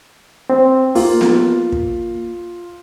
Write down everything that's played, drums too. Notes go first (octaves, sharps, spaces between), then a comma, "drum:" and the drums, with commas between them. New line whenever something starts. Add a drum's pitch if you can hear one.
C4
A#3 F4, drum: open hi-hat
drum: snare B3
drum: kick